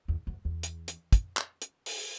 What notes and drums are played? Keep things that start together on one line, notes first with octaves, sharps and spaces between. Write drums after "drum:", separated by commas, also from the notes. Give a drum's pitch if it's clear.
E2
F#2
E2
drum: hi-hat
drum: hi-hat
drum: kick, hi-hat
drum: clap
drum: hi-hat
drum: open hi-hat